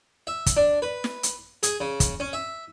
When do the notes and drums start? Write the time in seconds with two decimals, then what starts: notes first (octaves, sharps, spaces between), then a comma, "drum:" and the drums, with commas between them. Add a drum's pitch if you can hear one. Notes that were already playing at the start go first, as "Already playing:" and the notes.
0.27 E5
0.46 drum: kick, hi-hat
0.57 D4
0.82 B4
1.04 drum: snare
1.23 drum: hi-hat
1.63 G#4, drum: hi-hat
1.81 C#3
2.00 drum: kick, hi-hat
2.20 C#4
2.33 E5